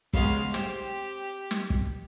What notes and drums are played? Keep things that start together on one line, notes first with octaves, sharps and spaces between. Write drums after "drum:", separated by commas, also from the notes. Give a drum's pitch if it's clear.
C#3 G#3 B3 F5 C6, drum: kick
C4 G4, drum: snare
drum: snare
drum: kick